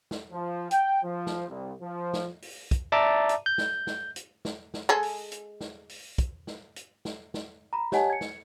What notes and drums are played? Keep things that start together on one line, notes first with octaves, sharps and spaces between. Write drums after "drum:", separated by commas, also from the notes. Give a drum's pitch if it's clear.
drum: snare
F3
G5, drum: hi-hat
F3
drum: snare
C2
F3
drum: snare
drum: open hi-hat
drum: kick, hi-hat
D5 E5 A5 A#5 D6
drum: hi-hat
G6
drum: snare
drum: snare
drum: hi-hat
drum: snare
drum: snare
G#3 G#4 A4
drum: open hi-hat
drum: hi-hat
drum: snare
drum: open hi-hat
drum: kick, hi-hat
drum: snare
drum: hi-hat
drum: snare
drum: snare
A#5 B5
G4 C#5 D#5 F#5 G#5 A5, drum: snare
G#6 C#7
drum: snare